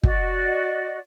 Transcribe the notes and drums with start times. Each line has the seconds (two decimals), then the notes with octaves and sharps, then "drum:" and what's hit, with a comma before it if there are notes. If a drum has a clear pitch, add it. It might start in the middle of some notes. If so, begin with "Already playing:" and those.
0.03 F#4 D5 D#5, drum: kick